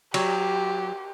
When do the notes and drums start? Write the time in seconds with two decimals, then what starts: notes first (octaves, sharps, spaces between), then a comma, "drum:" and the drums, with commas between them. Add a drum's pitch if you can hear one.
0.14 F#3 G4, drum: cymbal